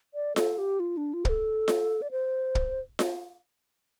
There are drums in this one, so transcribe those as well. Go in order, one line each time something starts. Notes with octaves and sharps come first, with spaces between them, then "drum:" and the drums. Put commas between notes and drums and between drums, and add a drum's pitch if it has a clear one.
D5
A4, drum: snare F4
G4
F4
D4
F4
C5, drum: kick
A4
drum: snare F4
D5
C5
drum: kick
drum: snare F4